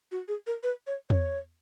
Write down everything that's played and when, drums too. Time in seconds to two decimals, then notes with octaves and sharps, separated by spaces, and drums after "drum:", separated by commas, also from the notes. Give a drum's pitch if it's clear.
0.12 F#4
0.28 G#4
0.47 A#4
0.63 B4
0.87 C#5
1.10 C#5, drum: tom E2